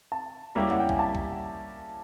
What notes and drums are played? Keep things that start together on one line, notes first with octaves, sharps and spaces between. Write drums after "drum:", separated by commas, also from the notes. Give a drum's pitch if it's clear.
A5
G3 A#3 C#4 E4 G4 A#5
F#5, drum: tom F2
G5
G#5, drum: kick B1
A5
drum: kick B1